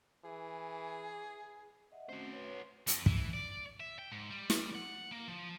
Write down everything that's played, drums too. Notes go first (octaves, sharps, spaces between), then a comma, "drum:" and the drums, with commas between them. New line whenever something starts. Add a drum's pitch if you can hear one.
E3 G#4
D#5 E5 F#5
A3 C4 C#4 F#4 C5
B4 C#5
F2, drum: hi-hat
E3, drum: kick
D5
E5
G5
G#2
G3
drum: snare
F#5
A#3
F3